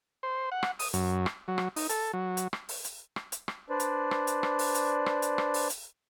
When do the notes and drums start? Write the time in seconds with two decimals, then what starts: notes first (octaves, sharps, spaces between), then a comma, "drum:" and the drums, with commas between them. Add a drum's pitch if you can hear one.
0.23 C5
0.52 F#5
0.63 drum: rim click
0.79 D#6, drum: open hi-hat
0.93 F#2, drum: hi-hat
1.26 drum: rim click
1.48 F#3
1.58 drum: rim click
1.76 D#4, drum: open hi-hat
1.89 A4, drum: hi-hat
2.13 F#3
2.37 drum: hi-hat
2.53 drum: rim click
2.69 drum: open hi-hat
2.84 drum: hi-hat
3.16 drum: rim click
3.32 drum: hi-hat
3.48 drum: rim click
3.70 D4 B4 C5 D5
3.80 drum: hi-hat
4.11 drum: rim click
4.27 drum: hi-hat
4.43 drum: rim click
4.59 drum: open hi-hat
4.75 drum: hi-hat
5.06 drum: rim click
5.22 drum: hi-hat
5.38 drum: rim click
5.54 drum: open hi-hat
5.70 drum: hi-hat